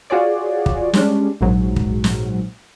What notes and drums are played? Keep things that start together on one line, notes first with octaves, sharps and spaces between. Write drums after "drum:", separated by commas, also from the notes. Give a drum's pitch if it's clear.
F4 F#4 G#4 C#5 D5
drum: kick
G3 G#3 C#4 D4, drum: snare
A#1 G#2 F#3
drum: kick
drum: snare